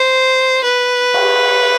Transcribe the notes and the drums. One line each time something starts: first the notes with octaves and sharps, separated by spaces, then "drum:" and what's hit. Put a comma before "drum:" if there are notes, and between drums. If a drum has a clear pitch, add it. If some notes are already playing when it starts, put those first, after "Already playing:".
Already playing: C5
B4
drum: cymbal